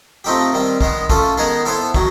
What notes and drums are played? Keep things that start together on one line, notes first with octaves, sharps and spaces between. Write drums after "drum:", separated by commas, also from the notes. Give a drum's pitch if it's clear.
F3 A3 C4 D#4 G4
D#3 G3 C4
D#3 G#3 B3, drum: kick
A3 C#4 F4 A4, drum: kick
D#3 G#3 B3 D#4 G#4
B3 E4 A4 C5
D#3 F#3, drum: kick